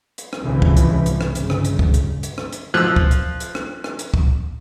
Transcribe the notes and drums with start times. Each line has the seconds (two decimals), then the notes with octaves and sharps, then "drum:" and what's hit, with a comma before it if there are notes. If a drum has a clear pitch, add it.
0.18 drum: hi-hat
0.33 drum: rim click
0.43 C2 G#2 C#3 E3 F3
0.62 drum: kick
0.77 drum: hi-hat
1.06 drum: hi-hat
1.21 drum: rim click
1.35 G1 C#3, drum: hi-hat
1.50 drum: rim click
1.65 drum: hi-hat
1.79 drum: kick
1.94 drum: hi-hat
2.23 drum: hi-hat
2.38 drum: rim click
2.52 drum: hi-hat
2.74 F3 E6 F#6
2.96 drum: kick
3.11 drum: hi-hat
3.40 drum: hi-hat
3.55 drum: rim click
3.84 drum: rim click
3.99 drum: hi-hat
4.14 drum: kick